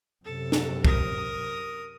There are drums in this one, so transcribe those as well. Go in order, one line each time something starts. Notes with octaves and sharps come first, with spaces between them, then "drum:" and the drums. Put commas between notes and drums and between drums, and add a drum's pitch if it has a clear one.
F#2 C3 A4
drum: snare
A#4 D#6, drum: kick